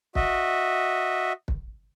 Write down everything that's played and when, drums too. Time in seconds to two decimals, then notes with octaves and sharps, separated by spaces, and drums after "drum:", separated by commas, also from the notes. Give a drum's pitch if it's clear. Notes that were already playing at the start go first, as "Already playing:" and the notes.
0.15 F#4 D#5 E5, drum: kick
1.48 drum: kick